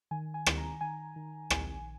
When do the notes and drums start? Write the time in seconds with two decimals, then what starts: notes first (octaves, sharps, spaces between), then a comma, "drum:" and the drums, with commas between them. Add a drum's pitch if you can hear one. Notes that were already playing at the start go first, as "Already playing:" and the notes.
0.11 D#3 G#5
0.34 G#5
0.46 D#3, drum: rim click
0.58 A#5
0.81 D#3 G#5
1.16 D#3
1.50 A#1 G#5, drum: rim click